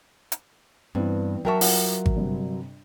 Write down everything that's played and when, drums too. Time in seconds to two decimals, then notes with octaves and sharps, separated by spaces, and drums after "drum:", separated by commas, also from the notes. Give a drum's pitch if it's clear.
0.32 drum: hi-hat
0.95 G2 E3 B3 C4
1.45 F#3 A#4 E5 G5 A5 C#6
1.61 F4 F#5, drum: open hi-hat
2.06 drum: kick G#1
2.17 G1 C3